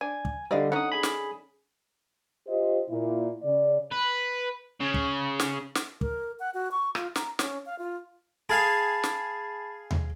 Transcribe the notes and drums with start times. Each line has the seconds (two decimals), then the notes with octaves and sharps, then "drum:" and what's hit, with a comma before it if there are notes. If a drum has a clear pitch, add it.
0.01 D4 G#5
0.25 drum: kick
0.51 D3 G3 D5 D#5 F5
0.72 D3 C#4 D#4 F#5 D#6
0.92 G#4 G#5 B5
1.03 drum: snare
2.47 F4 G4 C5 D#5
2.89 A#2 E4
3.43 C#3 D5
3.91 B4
4.81 C#3
4.94 drum: kick
5.40 drum: snare
5.75 drum: snare
6.01 A#4, drum: kick
6.40 F#5
6.54 F#4
6.71 C#6
6.95 F4, drum: rim click
7.16 A#5, drum: snare
7.39 C#4, drum: snare
7.66 F5
7.79 F4
8.49 G#4 F5 A5 B5 A6
9.03 drum: snare
9.91 drum: tom D#2